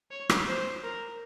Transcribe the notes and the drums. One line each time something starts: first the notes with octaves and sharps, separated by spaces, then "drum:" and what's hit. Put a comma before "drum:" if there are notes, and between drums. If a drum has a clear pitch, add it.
C#5
drum: rim click
C5
A#4